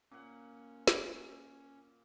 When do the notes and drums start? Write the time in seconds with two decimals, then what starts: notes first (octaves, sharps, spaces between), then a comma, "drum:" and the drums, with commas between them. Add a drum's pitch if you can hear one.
0.11 A#2 C#4 F#5
0.87 drum: snare